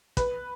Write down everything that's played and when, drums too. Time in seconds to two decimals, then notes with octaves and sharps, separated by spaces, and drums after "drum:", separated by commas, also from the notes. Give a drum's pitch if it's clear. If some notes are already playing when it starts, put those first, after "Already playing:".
0.17 B4, drum: kick, hi-hat